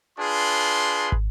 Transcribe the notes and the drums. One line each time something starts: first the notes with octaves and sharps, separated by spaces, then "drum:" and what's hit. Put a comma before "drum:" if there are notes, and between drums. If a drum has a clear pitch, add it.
D4 F4 G#4 B4 C6
drum: kick